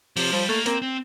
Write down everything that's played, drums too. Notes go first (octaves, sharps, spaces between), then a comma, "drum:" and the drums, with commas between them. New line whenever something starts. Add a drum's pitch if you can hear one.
C3 F3, drum: open hi-hat
F3 G3
A3 A#3
A#3 C4, drum: hi-hat
C4